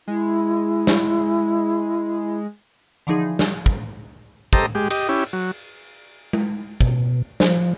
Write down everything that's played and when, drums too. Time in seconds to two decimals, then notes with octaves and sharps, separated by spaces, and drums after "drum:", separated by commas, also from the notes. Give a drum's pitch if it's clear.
0.08 G#3 E4
0.87 drum: snare
3.07 D3 E3 F3 D#4 G#4
3.39 drum: snare
3.66 drum: kick
4.53 G4 A4 C5 D#5 A#5, drum: kick
4.75 G#3 G4
4.91 G4 D#5, drum: cymbal
5.09 C#4 E4 G4
5.33 F#3
6.33 drum: tom G#3
6.81 B2, drum: kick
7.40 F3, drum: snare